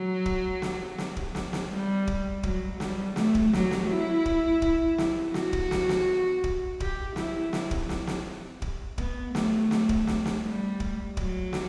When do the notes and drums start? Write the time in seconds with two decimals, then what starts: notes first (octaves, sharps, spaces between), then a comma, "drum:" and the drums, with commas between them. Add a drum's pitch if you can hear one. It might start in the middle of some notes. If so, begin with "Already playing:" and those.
Already playing: F#3
0.26 drum: kick D1
0.62 drum: snare
0.98 drum: snare
1.16 drum: kick D1
1.35 drum: snare
1.53 drum: snare
1.70 G3
2.07 drum: kick D1
2.43 F#3, drum: kick D1
2.80 G3, drum: snare
3.16 A3, drum: snare
3.35 drum: kick D1
3.53 F#3, drum: snare
3.71 drum: snare
3.89 E4
4.26 drum: kick D1
4.62 drum: kick D1
4.98 drum: snare
5.34 F#4, drum: snare
5.53 drum: kick D1
5.71 drum: snare
5.89 drum: snare
6.44 drum: kick D1
6.80 G4, drum: kick D1
7.16 E4, drum: snare
7.53 drum: snare
7.71 drum: kick D1
7.89 drum: snare
8.07 drum: snare
8.62 drum: kick D1
8.98 B3, drum: kick D1
9.35 A3, drum: snare
9.71 drum: snare
9.89 drum: kick D1
10.07 drum: snare
10.25 drum: snare
10.43 G3
10.80 drum: kick D1
11.17 F#3, drum: kick D1
11.53 drum: snare